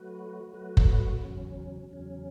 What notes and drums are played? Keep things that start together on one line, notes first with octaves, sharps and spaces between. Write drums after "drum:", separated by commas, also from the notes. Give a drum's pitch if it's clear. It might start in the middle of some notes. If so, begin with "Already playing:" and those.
Already playing: F#3 A3 F#4 B4
F#3 A3 F#4 B4
drum: kick F#1
E2 C#3 F#3 C#4
E2 C#3 F#3 C#4